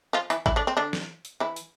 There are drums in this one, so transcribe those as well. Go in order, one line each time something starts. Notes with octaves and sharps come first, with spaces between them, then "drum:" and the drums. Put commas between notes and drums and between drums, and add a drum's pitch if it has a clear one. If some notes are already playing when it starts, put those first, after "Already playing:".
F3 F4
E3 E4, drum: hi-hat
E3 E4, drum: kick G#1
D3 D4
C4
D3 D4
drum: snare
drum: hi-hat
E3 E4
drum: hi-hat